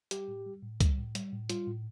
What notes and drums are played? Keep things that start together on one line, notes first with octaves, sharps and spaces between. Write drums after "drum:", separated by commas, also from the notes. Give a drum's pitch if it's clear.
G3 G4, drum: hi-hat
A2
G3
A2
G3, drum: kick C#2, hi-hat
A2
G3, drum: hi-hat
A2
G3 F4, drum: hi-hat
A2